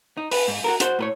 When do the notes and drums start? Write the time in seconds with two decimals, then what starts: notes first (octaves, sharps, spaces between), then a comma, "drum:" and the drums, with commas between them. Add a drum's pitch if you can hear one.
0.17 D#4
0.31 B4, drum: open hi-hat
0.48 G#2
0.64 F#4 A4 A#4
0.80 F#4 C5, drum: hi-hat
0.99 A2 B4 C#5